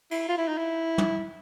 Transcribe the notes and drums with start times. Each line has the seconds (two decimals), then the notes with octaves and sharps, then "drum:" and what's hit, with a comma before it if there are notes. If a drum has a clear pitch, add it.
0.11 E4, drum: cymbal
0.29 F4
0.38 E4
0.48 D#4
0.58 E4
0.98 drum: tom